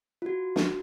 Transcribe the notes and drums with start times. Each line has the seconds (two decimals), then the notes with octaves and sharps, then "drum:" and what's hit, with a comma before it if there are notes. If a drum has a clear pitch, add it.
0.22 F4 F#4
0.56 drum: snare